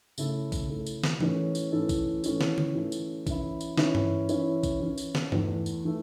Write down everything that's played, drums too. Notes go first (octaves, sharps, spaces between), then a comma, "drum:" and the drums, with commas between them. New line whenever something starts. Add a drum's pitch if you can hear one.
C#3 A3 E4 A4, drum: tambourine
drum: kick A#1, tambourine
C#3 A3 E4 A4
drum: tambourine
drum: snare
A2 E3 C#4 A4, drum: tom E3
drum: tambourine
A2 E3 C#4 A4
drum: kick A#1, tambourine
A2 E3 C#4 A4, drum: tambourine
drum: snare
drum: tom D3
A2 E3 C#4 A4
drum: tambourine
E3 C#4 E4, drum: kick A#1, tambourine
drum: tambourine
E3 C#4 E4, drum: snare
drum: tom G2
E3 C#4 E4, drum: tambourine
drum: kick A#1, tambourine
E3 C#4 E4
drum: tambourine
drum: snare
E2 E3 A3, drum: tom G2
drum: tambourine
E3 A3